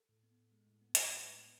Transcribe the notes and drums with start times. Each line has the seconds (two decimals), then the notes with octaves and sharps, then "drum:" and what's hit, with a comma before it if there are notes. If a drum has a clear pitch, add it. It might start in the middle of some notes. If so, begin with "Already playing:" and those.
Already playing: A4
0.09 A2
0.23 B3
0.37 A2
0.52 G#3
0.66 A2
0.81 B3
0.95 A2 B4, drum: hi-hat
1.10 G#3
1.24 A2
1.38 B3